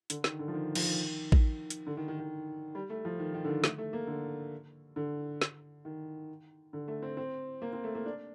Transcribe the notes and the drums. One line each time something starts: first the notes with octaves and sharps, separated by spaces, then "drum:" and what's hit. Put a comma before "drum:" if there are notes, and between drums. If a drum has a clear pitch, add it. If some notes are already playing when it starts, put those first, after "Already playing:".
D3, drum: hi-hat
D#3, drum: snare
D3
F3
D#3
F3, drum: cymbal
D#3
drum: kick A1
drum: hi-hat
D3
D#3
D#3
D#3
G3
A3
F3
D#3
D#3
D3
D#3
A3, drum: snare
A3
A#3
D3
D3
drum: snare
D#3
D3
A3
C4
C4
A#3
C4
A3
A#3
D4